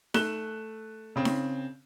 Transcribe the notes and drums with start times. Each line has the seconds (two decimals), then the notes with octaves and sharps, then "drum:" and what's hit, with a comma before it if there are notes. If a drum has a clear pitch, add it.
0.14 A3 F#6 E7 G7, drum: snare D#4
1.16 C#3 C4
1.25 drum: snare D#4